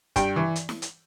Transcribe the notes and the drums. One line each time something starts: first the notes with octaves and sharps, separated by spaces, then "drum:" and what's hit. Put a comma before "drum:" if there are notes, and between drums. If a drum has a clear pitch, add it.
G2 G5, drum: kick, hi-hat
E3
drum: hi-hat
drum: snare E4
drum: hi-hat